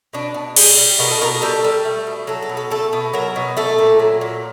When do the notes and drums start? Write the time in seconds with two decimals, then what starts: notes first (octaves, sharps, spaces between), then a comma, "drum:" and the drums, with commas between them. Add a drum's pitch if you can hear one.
0.13 B2 D4
0.34 B2
0.56 G3 G#4, drum: cymbal
0.77 G3
0.99 B2 A#4
1.11 A4
1.21 B2 A#4
1.42 G3 A4
1.64 G3
1.85 A3
2.07 B2
2.27 F#3 A4
2.43 A4
2.49 B2
2.57 A4
2.71 A3 A4
2.93 B2
3.14 F#3 A#4
3.36 B2
3.57 A3 A4
3.79 A#2
3.99 F#3
4.21 A#2